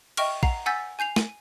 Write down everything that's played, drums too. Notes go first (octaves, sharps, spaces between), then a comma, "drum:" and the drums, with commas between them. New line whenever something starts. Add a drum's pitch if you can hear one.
D#5 E5 G5 C#6 F6, drum: cymbal
F#5 A#5 C7, drum: kick
F#5 G#5 E6 G6 A6 B6
G#5 G6 C7 F7
D#7, drum: snare